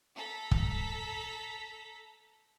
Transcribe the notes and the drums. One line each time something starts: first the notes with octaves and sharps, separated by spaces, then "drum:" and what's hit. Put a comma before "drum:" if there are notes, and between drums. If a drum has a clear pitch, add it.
A4 A#5 B6
drum: kick